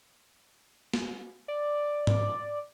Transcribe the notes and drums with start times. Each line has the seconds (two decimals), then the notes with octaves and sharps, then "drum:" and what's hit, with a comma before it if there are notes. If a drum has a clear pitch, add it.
0.94 drum: snare
1.48 D5
2.07 drum: tom G#2